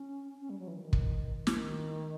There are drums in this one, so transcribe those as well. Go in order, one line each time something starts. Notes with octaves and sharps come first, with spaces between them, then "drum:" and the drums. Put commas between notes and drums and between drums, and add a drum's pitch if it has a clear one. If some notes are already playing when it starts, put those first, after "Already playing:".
Already playing: C#4
C#4
G3
F#3
E3
D#3
drum: kick
D#3, drum: snare